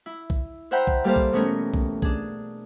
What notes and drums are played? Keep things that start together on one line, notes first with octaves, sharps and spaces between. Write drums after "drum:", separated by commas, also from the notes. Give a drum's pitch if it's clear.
E4
drum: kick B1
C5 E5 F#5 G5 A#5 B5
drum: kick B1
G3 A#3 G4 A4 C5 F5
drum: kick B1
B2 E3 A3 B3 C#4 A#4
drum: kick B1
D4 G#4, drum: kick B1